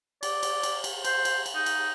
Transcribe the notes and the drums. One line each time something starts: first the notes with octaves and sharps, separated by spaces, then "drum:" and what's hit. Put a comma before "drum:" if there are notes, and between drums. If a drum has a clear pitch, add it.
D5, drum: cymbal
drum: cymbal
drum: cymbal
drum: cymbal
C5, drum: cymbal
drum: cymbal
drum: cymbal
D#4
drum: cymbal